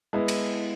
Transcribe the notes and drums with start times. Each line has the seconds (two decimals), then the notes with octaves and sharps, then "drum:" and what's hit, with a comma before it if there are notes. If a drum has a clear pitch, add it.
0.13 G#3 B3 E4
0.28 drum: cymbal